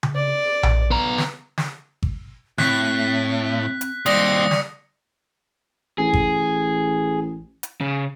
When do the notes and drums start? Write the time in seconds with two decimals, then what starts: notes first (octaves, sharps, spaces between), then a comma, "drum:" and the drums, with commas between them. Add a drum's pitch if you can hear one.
0.03 drum: tom C#3
0.15 D5
0.63 drum: tom A#1
0.91 B3 A#5
1.18 drum: snare
1.58 drum: snare
2.03 drum: kick G#1
2.58 A2 C4 F#6 B6, drum: snare
3.81 drum: hi-hat
4.06 D#2 G3 C4 D5 D#6 A#6 C#7, drum: hi-hat
4.51 drum: snare
5.98 A1 G#4
6.13 drum: kick G#1
7.63 drum: hi-hat
7.81 C#3